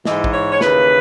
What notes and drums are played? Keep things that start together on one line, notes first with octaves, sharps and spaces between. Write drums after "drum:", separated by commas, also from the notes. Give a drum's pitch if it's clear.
G#2 E3 D#5, drum: snare
drum: kick A1
C#5
C#5
D#2 C#3 E3 B4, drum: snare